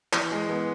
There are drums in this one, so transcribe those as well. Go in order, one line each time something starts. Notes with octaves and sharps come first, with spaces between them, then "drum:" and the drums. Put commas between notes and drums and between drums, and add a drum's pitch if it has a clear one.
E3, drum: clap
G#3
B3